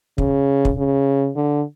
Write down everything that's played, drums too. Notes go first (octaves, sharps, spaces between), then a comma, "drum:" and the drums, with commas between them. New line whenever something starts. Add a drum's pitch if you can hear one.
C#3, drum: kick
drum: kick
C#3
D3